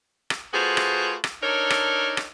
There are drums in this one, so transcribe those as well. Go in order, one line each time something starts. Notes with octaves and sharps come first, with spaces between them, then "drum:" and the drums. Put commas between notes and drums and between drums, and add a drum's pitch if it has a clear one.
drum: rim click
A3 F4 F#4 G#4 B4 C5
drum: rim click
drum: rim click
D4 D#4 A4 A#4 C#5
drum: rim click
drum: rim click